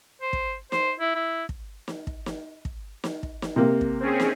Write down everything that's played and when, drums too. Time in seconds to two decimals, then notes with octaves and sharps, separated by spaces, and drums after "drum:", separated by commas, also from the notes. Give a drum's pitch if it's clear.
0.22 C5
0.33 drum: kick
0.72 C5, drum: snare
1.00 E4
1.15 E4
1.49 drum: kick
1.88 drum: snare
2.07 drum: kick
2.26 drum: snare
2.65 drum: kick
3.04 drum: snare
3.23 drum: kick
3.42 drum: snare
3.56 C3 A#3
3.81 drum: kick
4.00 C4 C#4 G#4
4.20 drum: snare